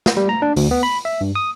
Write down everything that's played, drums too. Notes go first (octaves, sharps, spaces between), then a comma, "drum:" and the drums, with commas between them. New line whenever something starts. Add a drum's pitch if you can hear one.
drum: snare
G3
A#5
D4
D2, drum: open hi-hat
B3
B5
E5
G2
D#6